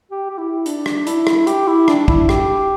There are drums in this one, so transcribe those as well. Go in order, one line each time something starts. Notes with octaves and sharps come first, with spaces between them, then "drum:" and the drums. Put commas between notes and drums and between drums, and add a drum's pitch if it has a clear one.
G4
G4
E4
D4, drum: hi-hat
drum: rim click
E4, drum: hi-hat
drum: rim click
G4, drum: hi-hat
E4
D4, drum: rim click
E4, drum: kick
G4, drum: rim click